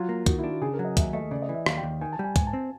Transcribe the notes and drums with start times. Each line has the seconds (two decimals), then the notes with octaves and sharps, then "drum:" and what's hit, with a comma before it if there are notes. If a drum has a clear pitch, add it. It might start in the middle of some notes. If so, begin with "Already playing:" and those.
Already playing: F#3 F4
0.09 A#3
0.26 D#3 F#4, drum: kick, hi-hat
0.39 D4 E4
0.50 F#4
0.62 C#3 G#4
0.74 A#4
0.79 F#3
0.85 D#5
0.97 D#2 E5, drum: kick, hi-hat
1.13 A3 D#5
1.31 C#3 D5
1.42 D#5
1.49 E3
1.54 E5
1.66 D#2 F5, drum: rim click
1.77 G5
1.83 D#2
2.01 D#3 G#5
2.13 A5
2.19 G3 G5
2.24 G#5
2.36 G#2 G#5, drum: kick, hi-hat
2.47 A5
2.53 C4